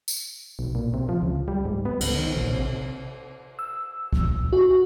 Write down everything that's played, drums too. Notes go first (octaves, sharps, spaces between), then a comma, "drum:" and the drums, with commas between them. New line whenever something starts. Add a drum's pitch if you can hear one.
drum: tambourine
B1
A#2
C3
F3
C#2
G3
G#2
B3
C#2, drum: cymbal
D#3
A#1
C3
E6
drum: kick
F#4